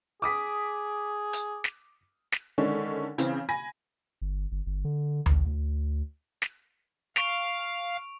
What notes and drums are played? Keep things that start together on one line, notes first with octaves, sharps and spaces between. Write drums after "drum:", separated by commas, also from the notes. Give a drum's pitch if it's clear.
G#4 D6 D#6 B6
drum: hi-hat
drum: snare
drum: snare
D3 D#3 G#3 C#4 D4
C#3 E3 C4, drum: hi-hat
G#5 B5 A#6
G1
G1
G1
D3
A1, drum: tom D2
D2
drum: snare
F5 C#6 D7 F7, drum: snare